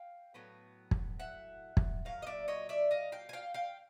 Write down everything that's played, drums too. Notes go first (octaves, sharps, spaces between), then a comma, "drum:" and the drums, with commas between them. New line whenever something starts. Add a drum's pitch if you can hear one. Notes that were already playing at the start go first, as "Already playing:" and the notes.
Already playing: F5 G5
A2 F#3 B3
drum: kick
E5 F#5
drum: kick
A#2 F#3 F5
D#5
D5 E5
C#5 D#5
D5 E5
D#5 F5
F5 G5
G#5
F5 G5
F5 G5